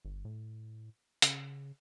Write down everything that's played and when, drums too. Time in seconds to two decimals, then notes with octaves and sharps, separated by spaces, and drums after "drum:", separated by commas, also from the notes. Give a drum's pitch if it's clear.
0.05 G1
0.25 A2
1.22 C#3, drum: hi-hat